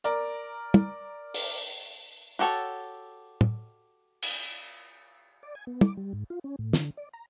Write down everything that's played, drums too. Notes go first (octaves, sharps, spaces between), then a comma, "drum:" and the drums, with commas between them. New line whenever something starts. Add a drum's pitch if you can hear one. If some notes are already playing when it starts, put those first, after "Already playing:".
A#4 D5 A#5, drum: hi-hat
drum: tom
drum: open hi-hat
F#4 G4 A4 C#5
drum: tom
drum: cymbal
D5
G#5
B3
D6, drum: tom
G3
G#2
F4
C#4
A2
D3, drum: snare
D5
A#5